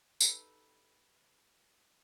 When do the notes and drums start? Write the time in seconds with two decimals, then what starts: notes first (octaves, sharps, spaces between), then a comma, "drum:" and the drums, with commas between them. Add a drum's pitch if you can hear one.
0.20 D#4 G4 A4 B4, drum: tambourine